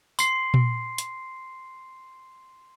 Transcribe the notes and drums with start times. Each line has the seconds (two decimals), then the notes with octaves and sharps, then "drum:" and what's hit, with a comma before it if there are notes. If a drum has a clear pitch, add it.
0.19 C6 C7, drum: tambourine
0.54 drum: tom A#2
0.98 drum: hi-hat